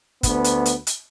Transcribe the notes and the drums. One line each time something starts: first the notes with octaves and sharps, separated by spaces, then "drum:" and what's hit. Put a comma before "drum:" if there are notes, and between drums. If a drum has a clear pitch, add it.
D2 B3, drum: kick, hi-hat
drum: hi-hat
drum: hi-hat
drum: hi-hat